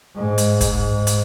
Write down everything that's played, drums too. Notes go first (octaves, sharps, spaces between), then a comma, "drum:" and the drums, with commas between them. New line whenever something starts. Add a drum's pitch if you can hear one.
G#2
drum: hi-hat
G#2, drum: kick, hi-hat
drum: hi-hat